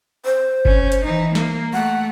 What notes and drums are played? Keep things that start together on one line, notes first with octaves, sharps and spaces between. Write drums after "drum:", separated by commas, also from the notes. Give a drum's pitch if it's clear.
C5
C#4, drum: kick G1
drum: hi-hat
E3 D#4
A#3, drum: snare
A3 F#5